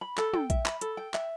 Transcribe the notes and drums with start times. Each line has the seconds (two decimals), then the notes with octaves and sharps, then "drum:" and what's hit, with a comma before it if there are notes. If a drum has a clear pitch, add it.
0.01 B5
0.18 A4, drum: clap
0.33 G5, drum: tom
0.50 E5, drum: kick A#1, hi-hat
0.66 B5, drum: clap
0.81 A4, drum: hi-hat
0.97 G5
1.14 E5, drum: clap